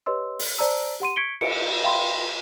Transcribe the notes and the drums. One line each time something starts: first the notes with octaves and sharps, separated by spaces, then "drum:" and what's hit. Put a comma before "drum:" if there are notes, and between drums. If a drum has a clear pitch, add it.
G4 B4 C#5 D#5 C6 E6
drum: open hi-hat
C5 D5 A5 A#5 E6
G4 F#5 C6 D#7
C#6 G#6 B6 C#7 D7 G7
C#7 D7, drum: cymbal
E5 F5 G5 B5 C6